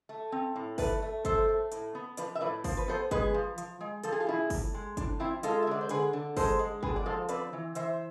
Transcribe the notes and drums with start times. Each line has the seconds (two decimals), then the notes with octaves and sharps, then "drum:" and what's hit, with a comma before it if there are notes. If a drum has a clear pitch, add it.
0.09 A3
0.32 C4
0.56 A2
0.78 A3 B4 D5, drum: kick G1, open hi-hat
1.02 A3
1.25 A3 A4 C5, drum: kick G1, hi-hat
1.49 A3
1.72 A2, drum: hi-hat
1.95 B3
2.17 F3 B4 D5, drum: hi-hat
2.35 E5
2.41 A2 B4 D5
2.64 F3 C5, drum: kick G1, open hi-hat
2.77 B4
2.88 B3 A4 C5
3.11 G#3 G#4 B4, drum: kick G1, hi-hat
3.34 F3
3.58 F3, drum: hi-hat
3.81 G#3
4.04 F3 A4, drum: hi-hat
4.12 G#4
4.20 F4
4.27 A2 E4 G#4
4.50 A2, drum: kick G1, open hi-hat
4.74 G#3
4.97 A2 D4, drum: kick G1, hi-hat
5.20 F3 C4 E4
5.43 G#3 F4 A4, drum: hi-hat
5.63 E5
5.67 D3 D5
5.81 C5
5.89 D3 G#4 B4, drum: hi-hat
6.13 D3
6.37 G#3 A4 C5, drum: kick G1, open hi-hat
6.59 G#3
6.83 D3 G#4 B4, drum: kick G1
6.96 D5
7.06 F3 A4 C5
7.29 C4 B4 D5, drum: hi-hat
7.53 E3
7.75 E3 C5 E5, drum: hi-hat